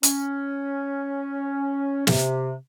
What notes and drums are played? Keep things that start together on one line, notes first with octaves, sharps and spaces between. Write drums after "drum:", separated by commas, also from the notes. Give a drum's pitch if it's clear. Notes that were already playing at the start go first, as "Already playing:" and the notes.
C#4, drum: hi-hat
C3, drum: snare